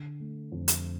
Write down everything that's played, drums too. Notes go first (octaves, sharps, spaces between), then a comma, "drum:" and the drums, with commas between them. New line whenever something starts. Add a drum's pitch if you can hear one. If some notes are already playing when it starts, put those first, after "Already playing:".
Already playing: D3
A3
F2
drum: hi-hat